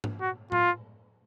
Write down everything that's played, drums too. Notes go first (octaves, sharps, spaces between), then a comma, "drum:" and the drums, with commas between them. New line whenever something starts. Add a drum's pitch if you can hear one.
drum: tom G#2
F#4
F4, drum: tom A2